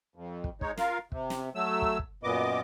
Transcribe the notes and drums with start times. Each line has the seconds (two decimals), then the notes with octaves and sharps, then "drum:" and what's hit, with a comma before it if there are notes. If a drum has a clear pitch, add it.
0.16 F2
0.44 drum: kick
0.61 G#3 D#4 C#5, drum: kick
0.77 F4 A#4 F5, drum: snare
1.12 C3, drum: kick
1.30 drum: snare
1.55 F#3 A3 E6
1.82 drum: kick
1.99 drum: kick
2.23 F#2 A#2 B3 D#5 D6